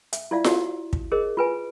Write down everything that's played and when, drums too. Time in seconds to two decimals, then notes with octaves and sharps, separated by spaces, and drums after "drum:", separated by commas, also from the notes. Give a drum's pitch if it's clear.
0.13 E5, drum: hi-hat
0.31 E4 F4 D5 E5 F5
0.44 E4 F#4, drum: snare F4
0.93 drum: kick
1.12 G#4 A#4 C5 D#5
1.37 F4 B4 G#5